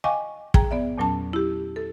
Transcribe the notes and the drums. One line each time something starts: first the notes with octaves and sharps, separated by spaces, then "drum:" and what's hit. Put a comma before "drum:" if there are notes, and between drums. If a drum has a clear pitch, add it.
D#5 F5 G5 G#5 C#6 D6
G#4 G5 A#5, drum: kick
B3 D5 E5
E2 A#2 F#3 C#4 A5
E4 G4
A4